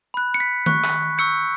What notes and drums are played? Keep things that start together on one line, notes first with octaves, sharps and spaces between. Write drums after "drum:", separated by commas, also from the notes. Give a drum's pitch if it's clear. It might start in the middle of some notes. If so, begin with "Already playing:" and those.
B5 F#6
C#7
B6
C#6 F#6, drum: tom D#3
drum: clap
C#6 E6 G6 C#7